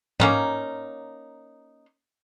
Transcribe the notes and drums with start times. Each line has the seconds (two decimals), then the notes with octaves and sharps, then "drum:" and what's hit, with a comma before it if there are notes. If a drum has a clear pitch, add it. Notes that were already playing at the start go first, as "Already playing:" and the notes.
0.20 A#3 C#4 D#4, drum: tom G#2